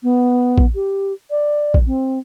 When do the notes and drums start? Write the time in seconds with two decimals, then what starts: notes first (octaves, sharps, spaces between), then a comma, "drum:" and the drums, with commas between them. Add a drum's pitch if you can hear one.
0.03 B3
0.58 drum: kick
0.75 G4
1.30 D5
1.74 drum: kick
1.87 C4